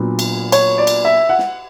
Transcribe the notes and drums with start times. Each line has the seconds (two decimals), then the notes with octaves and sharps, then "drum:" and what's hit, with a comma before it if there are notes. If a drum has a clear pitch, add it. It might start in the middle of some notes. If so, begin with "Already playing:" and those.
Already playing: A#2 F#3 B3 D4
0.19 drum: cymbal
0.52 C#5, drum: cymbal
0.78 D5
0.87 drum: cymbal
1.05 E5
1.29 F#5
1.38 drum: snare